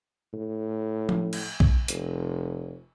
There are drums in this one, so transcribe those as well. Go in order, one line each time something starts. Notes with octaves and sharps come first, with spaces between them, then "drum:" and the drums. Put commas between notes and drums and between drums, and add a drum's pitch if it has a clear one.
A2
drum: tom F3
drum: cymbal
drum: kick A#1
F1, drum: hi-hat